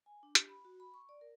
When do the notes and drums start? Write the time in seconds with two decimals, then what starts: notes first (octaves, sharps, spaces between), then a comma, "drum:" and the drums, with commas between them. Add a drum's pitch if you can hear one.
0.06 G#5
0.23 D4
0.35 G4, drum: hi-hat
0.49 B5
0.65 F#4
0.80 B5
0.94 C#6
1.09 D5
1.21 A#4